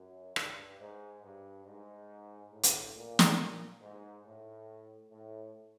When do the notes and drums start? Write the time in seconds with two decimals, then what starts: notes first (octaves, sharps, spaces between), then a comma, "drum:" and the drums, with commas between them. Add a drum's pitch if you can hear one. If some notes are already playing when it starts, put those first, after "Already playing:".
Already playing: F#2
0.36 G2, drum: rim click
0.79 G#2
1.23 G2
1.65 G#2
2.52 A2
2.63 drum: hi-hat
2.95 A#2
3.19 drum: snare
3.81 G#2
4.25 A2
5.11 A2